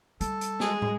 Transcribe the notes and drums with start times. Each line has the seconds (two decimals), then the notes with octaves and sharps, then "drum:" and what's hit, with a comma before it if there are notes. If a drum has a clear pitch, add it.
0.21 G3 A4, drum: hi-hat
0.41 drum: hi-hat
0.60 G#3 G#4, drum: snare
0.82 drum: tom